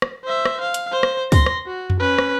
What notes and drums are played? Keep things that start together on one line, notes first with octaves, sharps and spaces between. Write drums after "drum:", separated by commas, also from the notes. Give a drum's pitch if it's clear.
drum: rim click
C5 E5
drum: rim click
F5
drum: hi-hat
C5
drum: rim click
C6 A#6, drum: kick, open hi-hat
drum: rim click
F#4
drum: tom F2
C#4 B4
drum: rim click